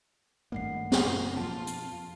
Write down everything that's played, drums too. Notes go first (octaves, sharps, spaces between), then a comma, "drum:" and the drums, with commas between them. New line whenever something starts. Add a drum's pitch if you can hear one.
G#1 G2 A3 A#3 F#5 C7
F#2 A#2 C#3 A#3, drum: snare
F2 B2 F4 A5
drum: hi-hat